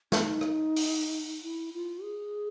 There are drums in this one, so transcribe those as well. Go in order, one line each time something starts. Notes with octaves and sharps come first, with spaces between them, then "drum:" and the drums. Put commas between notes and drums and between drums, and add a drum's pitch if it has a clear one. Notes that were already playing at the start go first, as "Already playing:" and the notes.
D4, drum: snare
D#4
drum: rim click
drum: open hi-hat
E4
F4
G#4